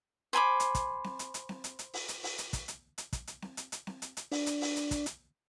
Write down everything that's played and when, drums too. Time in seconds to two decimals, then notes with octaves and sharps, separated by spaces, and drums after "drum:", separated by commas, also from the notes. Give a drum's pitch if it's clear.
0.33 C5 G#5 B5 D6
0.60 drum: hi-hat
0.75 drum: kick, hi-hat
1.04 drum: snare C4
1.19 drum: hi-hat
1.34 drum: hi-hat
1.49 drum: snare C4
1.64 drum: hi-hat
1.79 drum: hi-hat
1.94 drum: open hi-hat
2.08 drum: hi-hat
2.23 drum: open hi-hat
2.38 drum: hi-hat
2.53 drum: kick, hi-hat
2.68 drum: hi-hat
2.98 drum: hi-hat
3.13 drum: kick, hi-hat
3.27 drum: hi-hat
3.42 drum: snare C4
3.57 drum: hi-hat
3.72 drum: hi-hat
3.87 drum: snare C4
4.02 drum: hi-hat
4.17 drum: hi-hat
4.32 D4, drum: open hi-hat
4.46 drum: hi-hat
4.61 drum: open hi-hat
4.76 drum: hi-hat
4.91 drum: kick, hi-hat
5.06 drum: hi-hat